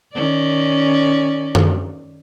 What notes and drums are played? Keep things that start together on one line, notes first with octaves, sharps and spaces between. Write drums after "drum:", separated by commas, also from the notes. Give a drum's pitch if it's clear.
D#3 C#4 D5
drum: tom F#2